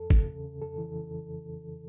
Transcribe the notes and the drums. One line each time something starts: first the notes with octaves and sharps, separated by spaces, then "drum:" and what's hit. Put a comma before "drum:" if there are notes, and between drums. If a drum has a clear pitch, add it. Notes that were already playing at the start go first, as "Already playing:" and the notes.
Already playing: F2 A4
C#3, drum: kick
E2
C#3
F2 A4
E3